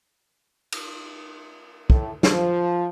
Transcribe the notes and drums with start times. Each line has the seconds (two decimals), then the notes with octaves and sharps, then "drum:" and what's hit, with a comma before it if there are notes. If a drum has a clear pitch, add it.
0.72 drum: cymbal
1.90 A2 A4, drum: kick
2.23 F3, drum: snare